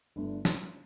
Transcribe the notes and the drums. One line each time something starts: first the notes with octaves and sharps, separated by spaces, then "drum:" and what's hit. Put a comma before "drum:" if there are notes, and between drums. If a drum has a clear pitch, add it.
G1 G2 D3 A3 D4
drum: snare